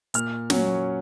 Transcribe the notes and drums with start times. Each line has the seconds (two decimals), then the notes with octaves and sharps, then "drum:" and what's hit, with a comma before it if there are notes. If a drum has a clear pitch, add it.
0.14 A#2 F6, drum: hi-hat
0.50 F#3 C#4, drum: snare